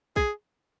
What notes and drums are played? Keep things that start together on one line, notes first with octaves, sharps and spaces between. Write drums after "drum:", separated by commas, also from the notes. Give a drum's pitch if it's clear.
G#4, drum: kick